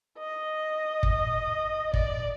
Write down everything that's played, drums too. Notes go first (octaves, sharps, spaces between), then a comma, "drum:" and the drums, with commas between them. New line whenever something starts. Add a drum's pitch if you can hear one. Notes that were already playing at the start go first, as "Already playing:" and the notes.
D#5
drum: kick
D5, drum: kick